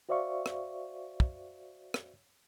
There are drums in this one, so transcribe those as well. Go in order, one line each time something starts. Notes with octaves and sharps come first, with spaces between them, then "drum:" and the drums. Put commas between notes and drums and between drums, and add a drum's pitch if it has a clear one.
F#4 C5 D5 E5 F5 C#6
drum: rim click
drum: kick
drum: rim click